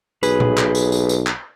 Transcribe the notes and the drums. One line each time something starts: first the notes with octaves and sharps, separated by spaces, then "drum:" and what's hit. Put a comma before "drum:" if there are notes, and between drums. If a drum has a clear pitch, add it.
B1 G#4 B4, drum: tambourine
drum: tom A#2
drum: clap
drum: tambourine
drum: tambourine
drum: tambourine
drum: clap